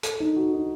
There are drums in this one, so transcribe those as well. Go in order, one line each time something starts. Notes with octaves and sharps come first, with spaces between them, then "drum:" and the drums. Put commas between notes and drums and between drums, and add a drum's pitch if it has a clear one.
A4, drum: hi-hat
D#4
F#4
D#4